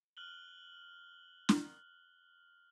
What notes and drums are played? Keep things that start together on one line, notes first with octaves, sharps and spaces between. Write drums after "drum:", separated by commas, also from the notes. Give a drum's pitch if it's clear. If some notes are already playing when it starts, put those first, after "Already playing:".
F6 F#6 F#7 G7
drum: snare